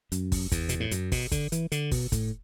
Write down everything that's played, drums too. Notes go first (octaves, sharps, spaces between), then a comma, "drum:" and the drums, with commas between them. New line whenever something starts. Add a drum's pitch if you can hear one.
F#2, drum: hi-hat
drum: kick, open hi-hat
E2, drum: kick, hi-hat
B2, drum: hi-hat
A2
F#2, drum: hi-hat
B2, drum: kick, open hi-hat
D3, drum: kick, hi-hat
E3, drum: hi-hat
D3, drum: hi-hat
B2, drum: kick, open hi-hat
A2, drum: kick, hi-hat